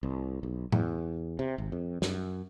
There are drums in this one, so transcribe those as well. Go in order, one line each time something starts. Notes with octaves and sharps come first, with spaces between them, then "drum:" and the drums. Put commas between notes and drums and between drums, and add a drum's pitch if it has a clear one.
C2
B1
E2, drum: tom A2
C3
G#1
F2
F#2, drum: snare